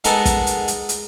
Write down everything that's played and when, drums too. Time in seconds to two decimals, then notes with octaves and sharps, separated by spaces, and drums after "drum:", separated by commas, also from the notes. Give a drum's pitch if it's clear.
0.04 G#3 B3 D#4 A4 A#4, drum: hi-hat
0.25 drum: kick, hi-hat
0.47 drum: hi-hat
0.68 drum: hi-hat
0.89 drum: hi-hat